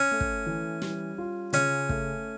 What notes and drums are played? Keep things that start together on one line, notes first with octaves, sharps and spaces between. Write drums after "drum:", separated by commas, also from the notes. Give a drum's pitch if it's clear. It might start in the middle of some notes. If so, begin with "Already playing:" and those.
Already playing: C#4
A3
drum: kick
E3
G3, drum: snare
F4
C#3 C#4, drum: hi-hat
A3, drum: kick